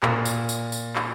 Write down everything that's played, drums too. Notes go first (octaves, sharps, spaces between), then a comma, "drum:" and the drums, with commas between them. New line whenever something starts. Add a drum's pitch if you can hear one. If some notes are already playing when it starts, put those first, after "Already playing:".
A#2, drum: clap
drum: tambourine
drum: tambourine
drum: tambourine
drum: clap